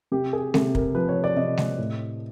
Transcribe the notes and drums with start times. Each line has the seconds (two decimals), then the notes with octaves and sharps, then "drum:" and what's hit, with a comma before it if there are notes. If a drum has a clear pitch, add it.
0.12 C3 G4
0.33 G#4
0.54 C3 A4, drum: snare G#3
0.75 A#4, drum: kick
0.95 F3 B4
1.09 C#5
1.24 D5
1.36 C3 D#5
1.57 drum: snare G#3
1.78 A2